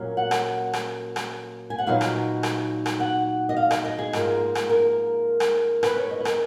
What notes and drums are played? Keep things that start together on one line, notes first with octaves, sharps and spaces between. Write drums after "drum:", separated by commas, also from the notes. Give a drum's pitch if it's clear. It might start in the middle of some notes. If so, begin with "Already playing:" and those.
Already playing: A#2 F#3 A#3 C#4
F#5
drum: rim click
drum: rim click
drum: rim click
G#5
F#5
A#2 F#3 B3 D#4 F5
drum: rim click
drum: rim click
drum: rim click
F#5
D#5
F5
D#5, drum: rim click
D#5
G#4
G#2 F3 A#3, drum: rim click
drum: rim click
A#4
drum: rim click
B4, drum: rim click
C#5
D#5
B4
A#4, drum: rim click